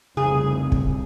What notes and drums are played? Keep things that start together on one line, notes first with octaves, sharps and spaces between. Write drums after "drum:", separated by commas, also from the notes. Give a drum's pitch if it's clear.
F1 C2 C#3 G#4
drum: kick